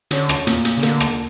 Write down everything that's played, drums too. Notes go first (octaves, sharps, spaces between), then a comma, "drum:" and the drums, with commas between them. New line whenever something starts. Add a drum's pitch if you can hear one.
D3 C#4, drum: hi-hat
drum: rim click
A#2, drum: hi-hat
drum: hi-hat
C#3
D3 A#3, drum: hi-hat
drum: rim click